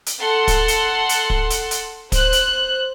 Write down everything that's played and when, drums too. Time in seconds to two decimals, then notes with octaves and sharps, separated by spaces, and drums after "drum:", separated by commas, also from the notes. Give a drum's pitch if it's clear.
0.06 drum: hi-hat
0.19 A4 F#5 A5 C6
0.48 drum: kick, hi-hat
0.68 drum: hi-hat
1.09 drum: hi-hat
1.30 drum: kick
1.50 drum: hi-hat
1.71 drum: hi-hat
2.12 C5 F#6, drum: kick, hi-hat
2.33 drum: hi-hat